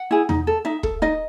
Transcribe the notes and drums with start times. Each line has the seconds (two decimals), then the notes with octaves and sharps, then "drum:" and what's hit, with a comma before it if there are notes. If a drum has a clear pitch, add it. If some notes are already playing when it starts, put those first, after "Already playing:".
Already playing: F#5
0.11 E4 G#4
0.29 D#4, drum: tom E2
0.47 A4
0.65 D#4 E5
0.83 A4, drum: kick
1.02 D#4 D#5